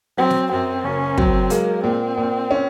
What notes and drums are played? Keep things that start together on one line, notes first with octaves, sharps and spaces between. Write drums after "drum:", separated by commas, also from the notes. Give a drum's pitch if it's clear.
F#3 C4
drum: snare
F#2 C4
F#1 C#4
F#3 C4, drum: kick
G#3 A#3, drum: hi-hat
A#2 C4
A#2
C#4